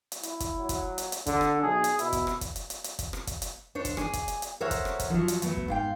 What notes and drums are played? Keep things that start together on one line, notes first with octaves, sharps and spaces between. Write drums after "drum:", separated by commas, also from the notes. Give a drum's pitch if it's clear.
drum: hi-hat
E4, drum: hi-hat
drum: kick, hi-hat
F#3
drum: kick, hi-hat
drum: hi-hat
drum: hi-hat
D3 A4, drum: kick, hi-hat
drum: rim click
B1 G#4
drum: hi-hat
B2 E4, drum: hi-hat
drum: kick, hi-hat
drum: rim click
drum: kick, hi-hat
drum: hi-hat
drum: hi-hat
drum: hi-hat
drum: kick, hi-hat
drum: rim click
drum: kick, hi-hat
drum: hi-hat
D4 C5 C#5
drum: kick, hi-hat
G#4 D5, drum: rim click
drum: kick, hi-hat
drum: hi-hat
drum: hi-hat
A4 A#4 C5 C#5 E5 F#5
drum: kick, hi-hat
drum: rim click
drum: kick, hi-hat
F3 F#3
drum: hi-hat
F#3 A3 B3, drum: hi-hat
drum: kick
G#2 F5 G5